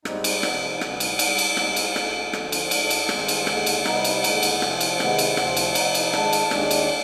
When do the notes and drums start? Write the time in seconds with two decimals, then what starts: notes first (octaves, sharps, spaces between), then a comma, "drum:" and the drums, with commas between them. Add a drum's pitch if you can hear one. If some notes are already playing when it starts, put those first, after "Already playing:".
0.05 G#2 G3 C4 D#4, drum: rim click
0.24 drum: cymbal
0.43 C3 F3 B3 D#4, drum: rim click
0.81 D2 C3 G3 B3, drum: rim click
1.00 drum: cymbal
1.19 G#2 G3 B3, drum: cymbal
1.38 drum: cymbal
1.57 G#2 G3 C4 D#4, drum: rim click
1.76 drum: cymbal
1.96 D2 D3 G#3, drum: rim click
2.33 D2 D3 F3 C4, drum: rim click
2.52 drum: cymbal
2.71 D2 D3 G#3 D4, drum: cymbal
2.90 drum: cymbal
3.09 G2 D#3 G#3 C4, drum: rim click
3.28 drum: cymbal
3.47 D#2 D3 G#3, drum: rim click
3.66 drum: cymbal
3.86 C3 G3 B3 D#4, drum: rim click
4.04 drum: cymbal
4.24 D#2 D3 G#3 B3, drum: cymbal
4.42 drum: cymbal
4.62 C3 F3 C4, drum: rim click
4.80 drum: cymbal
5.00 C3 D#3 G#3 B3, drum: rim click
5.19 drum: cymbal
5.37 D2 C3 F3 C4, drum: rim click
5.57 drum: cymbal
5.75 C3 F3 B3 D#4, drum: cymbal
5.95 drum: cymbal
6.13 G#2 D#3 G#3 D4, drum: rim click
6.33 drum: cymbal
6.51 D#2 D#3 G#3 D4, drum: rim click
6.71 drum: cymbal